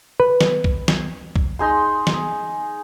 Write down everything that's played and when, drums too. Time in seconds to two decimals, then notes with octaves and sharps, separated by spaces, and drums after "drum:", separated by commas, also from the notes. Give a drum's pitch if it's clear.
0.20 B4
0.41 drum: snare
0.64 drum: kick B1
0.88 drum: snare
1.36 drum: kick B1
1.59 D#4 G#4 C6
2.07 drum: snare